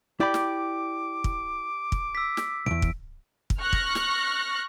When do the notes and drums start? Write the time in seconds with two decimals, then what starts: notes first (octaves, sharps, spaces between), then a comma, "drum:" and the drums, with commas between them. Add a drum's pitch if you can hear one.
0.20 E4 G4 D5 B5 D6
0.34 drum: snare
1.24 drum: kick
1.92 drum: kick
2.15 E6 B6
2.37 drum: snare
2.66 B1 E2 D7
2.82 drum: kick
3.50 drum: kick
3.62 C#6 F6 F#6 A#6
3.73 drum: kick
3.95 drum: snare